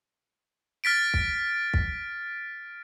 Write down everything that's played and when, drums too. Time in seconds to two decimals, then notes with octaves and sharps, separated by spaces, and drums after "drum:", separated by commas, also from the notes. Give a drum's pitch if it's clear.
0.84 F6 A6 B6 D7
1.14 drum: kick
1.74 drum: kick